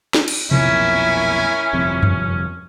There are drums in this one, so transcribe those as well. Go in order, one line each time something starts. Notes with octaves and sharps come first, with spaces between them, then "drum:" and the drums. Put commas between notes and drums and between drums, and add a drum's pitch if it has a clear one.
drum: snare
drum: cymbal
B1 F2 A#2 C#4 E4 A#4 G#5, drum: tom C3
G1 F2 C3
drum: tom F2